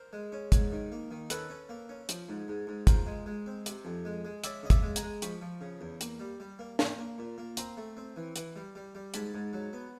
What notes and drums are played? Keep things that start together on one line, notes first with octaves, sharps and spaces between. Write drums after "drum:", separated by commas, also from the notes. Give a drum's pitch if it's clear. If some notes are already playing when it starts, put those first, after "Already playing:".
Already playing: A#4 C5
G#3
C#4
G#2, drum: kick, hi-hat
D#3
A#3
D#3
C#4 A4 B4, drum: hi-hat
C#4
A#3
C#4
F3, drum: hi-hat
G#2
G#2
G#2
F4 A#4 C5, drum: kick, hi-hat
G#3
G#3
C4
C3, drum: hi-hat
F2
G#3
G#3
C#4 D5 E5, drum: hi-hat
C#3 D#5
D5 E5, drum: kick, hi-hat
G#3
G#5 A#5, drum: hi-hat
G#3
F3 B5 C#6, drum: hi-hat
F3
C#3
E2
A#3, drum: hi-hat
G3
G3
A#3
A#3, drum: snare
A#3
A#2
A#3
C4 A#5 C6, drum: hi-hat
A3
C4
E3
E3, drum: hi-hat
G3
G3
G3
G#2 A5 B5, drum: hi-hat
G#2
F#3
B3